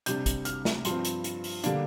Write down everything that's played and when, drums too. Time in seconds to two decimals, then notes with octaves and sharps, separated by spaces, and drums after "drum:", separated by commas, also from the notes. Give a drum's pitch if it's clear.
0.06 C3 G3 D4 G6, drum: hi-hat
0.26 drum: kick, hi-hat
0.45 F6, drum: hi-hat
0.65 drum: snare
0.85 G2 F3 C4 C6, drum: hi-hat
1.05 drum: hi-hat
1.24 drum: hi-hat
1.44 drum: open hi-hat
1.64 D3 G3 A#3 D4, drum: hi-hat